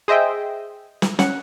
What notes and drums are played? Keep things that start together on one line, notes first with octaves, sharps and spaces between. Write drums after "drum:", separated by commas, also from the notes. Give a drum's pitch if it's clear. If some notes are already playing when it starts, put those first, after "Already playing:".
G#4 C5 D#5 E5 G5
drum: snare
C#4 F#5, drum: snare